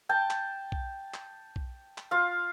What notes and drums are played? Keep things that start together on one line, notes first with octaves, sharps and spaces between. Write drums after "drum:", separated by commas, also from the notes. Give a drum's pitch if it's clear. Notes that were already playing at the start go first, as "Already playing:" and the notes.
G5 A5
drum: clap
drum: kick B1
drum: clap
drum: kick B1
drum: clap
F4 F5